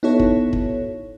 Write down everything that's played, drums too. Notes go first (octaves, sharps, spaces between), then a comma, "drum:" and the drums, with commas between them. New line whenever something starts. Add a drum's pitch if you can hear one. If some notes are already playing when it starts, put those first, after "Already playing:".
B3 D#4 E4 F#4 A4 C#5
drum: kick
drum: kick